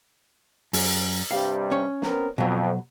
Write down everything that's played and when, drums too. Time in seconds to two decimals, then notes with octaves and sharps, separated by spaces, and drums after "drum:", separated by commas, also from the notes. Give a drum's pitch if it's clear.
0.73 F#2, drum: open hi-hat
1.31 G2 C3 G3 F5
1.71 C#4 C#5
2.02 B3 C4 A#4, drum: snare
2.38 F2 B2 F#3